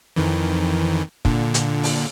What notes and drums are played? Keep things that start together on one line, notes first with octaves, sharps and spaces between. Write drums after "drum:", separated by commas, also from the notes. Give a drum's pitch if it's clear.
F2 D#3 E3
A#2 D3, drum: kick
drum: hi-hat
drum: open hi-hat